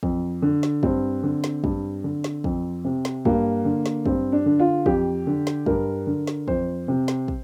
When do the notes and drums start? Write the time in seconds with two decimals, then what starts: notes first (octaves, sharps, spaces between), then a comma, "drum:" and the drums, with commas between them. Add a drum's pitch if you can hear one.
0.03 F2, drum: kick
0.42 D3
0.63 drum: snare
0.83 G2 C4, drum: kick
1.23 D3
1.44 drum: snare
1.64 G2, drum: kick
2.04 D3
2.24 drum: snare
2.44 F2, drum: kick
2.85 C3
3.05 drum: snare
3.25 G2 A#3, drum: kick
3.65 D3
3.86 drum: snare
4.06 G2 C4, drum: kick
4.32 D4
4.46 D3
4.59 F4
4.86 F2 G4, drum: kick
5.27 D3
5.47 drum: snare
5.66 G2 A#4, drum: kick
6.07 D3
6.27 drum: snare
6.48 F2 C5, drum: kick
6.88 C3
7.08 drum: snare
7.28 drum: kick